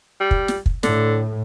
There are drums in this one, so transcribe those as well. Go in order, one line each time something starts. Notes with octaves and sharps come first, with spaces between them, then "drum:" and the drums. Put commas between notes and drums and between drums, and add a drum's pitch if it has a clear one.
G3
drum: kick
drum: snare
drum: kick
A2 D3, drum: snare